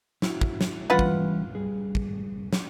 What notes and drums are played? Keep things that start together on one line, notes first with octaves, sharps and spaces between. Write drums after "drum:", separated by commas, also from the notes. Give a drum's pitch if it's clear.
E4 F#4, drum: snare
drum: kick
drum: snare
E3 G3 C#4 F4 B4 F#5
drum: kick
G3 G#4
drum: kick
drum: snare